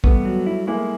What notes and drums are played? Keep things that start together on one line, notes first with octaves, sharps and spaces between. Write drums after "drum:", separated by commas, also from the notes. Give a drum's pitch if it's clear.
G3 A3 B3, drum: kick
F#3
E4
G#3 A#3 E4